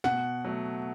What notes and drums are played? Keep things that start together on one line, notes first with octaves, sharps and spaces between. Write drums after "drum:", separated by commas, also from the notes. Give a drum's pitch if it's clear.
B2 F#5, drum: snare
F#3 A3